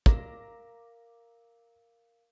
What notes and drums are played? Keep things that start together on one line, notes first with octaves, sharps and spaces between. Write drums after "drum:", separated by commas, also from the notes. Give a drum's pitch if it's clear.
A#4 F5 A#5 D6 A#6, drum: kick